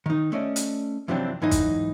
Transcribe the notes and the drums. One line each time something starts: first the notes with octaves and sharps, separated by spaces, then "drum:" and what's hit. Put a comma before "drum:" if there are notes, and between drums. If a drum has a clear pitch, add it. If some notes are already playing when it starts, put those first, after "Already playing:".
D#3 D#4
A3 C#4 D5 D#5
drum: hi-hat
F2 C3 E3 F#3 C4 D4
G#2 E3 F#3 D#4
drum: kick, hi-hat